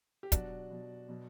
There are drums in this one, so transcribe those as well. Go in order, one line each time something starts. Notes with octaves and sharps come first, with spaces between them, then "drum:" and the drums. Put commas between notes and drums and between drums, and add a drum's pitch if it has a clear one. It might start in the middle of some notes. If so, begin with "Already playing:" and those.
G4
B2 F#3 D4 F#4, drum: kick, hi-hat
B2 F#3
B2 F#3